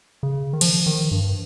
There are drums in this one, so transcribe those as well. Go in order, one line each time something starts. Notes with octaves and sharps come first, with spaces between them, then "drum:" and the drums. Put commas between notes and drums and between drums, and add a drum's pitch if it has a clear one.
C#3
D#3
F3, drum: cymbal
D#3
G2